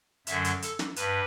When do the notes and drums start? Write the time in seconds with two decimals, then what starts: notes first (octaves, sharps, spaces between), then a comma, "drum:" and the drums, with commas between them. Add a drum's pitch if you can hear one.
0.27 F#2 D3 F#3 E5, drum: hi-hat
0.44 drum: hi-hat
0.62 A4, drum: hi-hat
0.79 drum: snare
0.96 G2 B4, drum: hi-hat